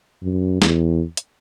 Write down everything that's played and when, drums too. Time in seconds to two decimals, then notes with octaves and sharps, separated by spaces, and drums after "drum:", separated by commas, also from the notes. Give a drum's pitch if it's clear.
0.22 F#2
0.62 E2, drum: snare
1.17 drum: hi-hat